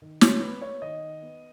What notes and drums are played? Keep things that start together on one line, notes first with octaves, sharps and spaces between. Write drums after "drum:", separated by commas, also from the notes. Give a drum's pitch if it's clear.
D#3
C#5, drum: snare
B3 B4
C#5
D#3 D#5
B3